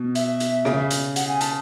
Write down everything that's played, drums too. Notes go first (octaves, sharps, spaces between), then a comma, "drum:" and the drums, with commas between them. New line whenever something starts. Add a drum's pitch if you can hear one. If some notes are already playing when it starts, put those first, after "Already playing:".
Already playing: B2
E5, drum: hi-hat
drum: hi-hat
C#3, drum: rim click
drum: hi-hat
F#5, drum: hi-hat
G#5
A5, drum: hi-hat